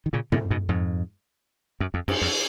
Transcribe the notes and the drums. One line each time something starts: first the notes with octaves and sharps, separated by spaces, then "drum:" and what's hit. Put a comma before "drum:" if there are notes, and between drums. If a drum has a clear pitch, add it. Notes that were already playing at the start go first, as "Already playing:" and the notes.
D#3
A#2 C#3
A#2 C#3, drum: tom
G#2 B2
F2 G#2
F#2
F2
F#2, drum: cymbal
F2